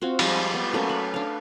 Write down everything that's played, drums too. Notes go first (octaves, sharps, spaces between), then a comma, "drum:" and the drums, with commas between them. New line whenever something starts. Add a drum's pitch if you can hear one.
C4 F4 F#4
F3 G3 G#3, drum: cymbal
B3
F#3 A3 A#3 C#4
B4
D4 F5